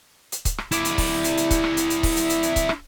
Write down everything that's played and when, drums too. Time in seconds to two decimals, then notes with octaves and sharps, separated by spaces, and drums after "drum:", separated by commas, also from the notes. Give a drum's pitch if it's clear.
0.32 drum: hi-hat
0.45 drum: kick C#1, hi-hat
0.58 drum: rim click
0.72 E4 D5, drum: hi-hat
0.85 drum: hi-hat
0.98 drum: kick C#1, open hi-hat
1.24 drum: hi-hat
1.37 drum: hi-hat
1.51 drum: kick C#1, hi-hat
1.64 drum: rim click
1.77 drum: hi-hat
1.90 drum: hi-hat
2.03 drum: kick C#1, open hi-hat
2.16 drum: hi-hat
2.30 drum: hi-hat
2.43 drum: hi-hat
2.56 drum: kick C#1, hi-hat
2.69 drum: rim click